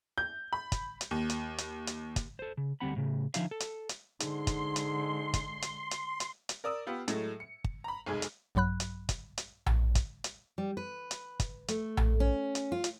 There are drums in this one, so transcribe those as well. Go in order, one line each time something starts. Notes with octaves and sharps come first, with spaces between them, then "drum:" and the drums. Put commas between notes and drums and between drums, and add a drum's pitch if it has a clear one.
G6
B5
drum: kick, hi-hat
drum: hi-hat
D#2
drum: hi-hat
drum: hi-hat
drum: hi-hat
drum: kick, hi-hat
A4 C5
C#3
D2 G3 B3 C4 F#5 B5
A2 C#3
D3 F3 D#4 E5 F5, drum: hi-hat
A4
drum: hi-hat
drum: hi-hat
G#2 D3 G#3 C6, drum: hi-hat
drum: kick, hi-hat
drum: hi-hat
drum: kick, hi-hat
drum: hi-hat
drum: hi-hat
drum: hi-hat
drum: hi-hat
A#4 D5 D#6 E6
B3 F4 G4
A2 F#3 G#3 A3, drum: hi-hat
C#7
drum: kick
A#5 B5
F1 B1 G#3 G#4
drum: hi-hat
A#1 G2 F#3 B5 F#6
drum: hi-hat
drum: kick, hi-hat
drum: hi-hat
drum: tom A#1
drum: kick, hi-hat
drum: hi-hat
G3
B4
drum: hi-hat
drum: kick, hi-hat
A3, drum: hi-hat
drum: tom A#1
C#4
drum: hi-hat
F4
drum: hi-hat